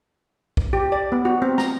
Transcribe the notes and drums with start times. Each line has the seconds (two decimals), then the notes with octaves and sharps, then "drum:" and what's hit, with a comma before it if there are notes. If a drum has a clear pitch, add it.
0.57 drum: kick
0.73 G4
0.92 D5
1.12 B3
1.25 F#4
1.42 C4
1.58 A#5, drum: snare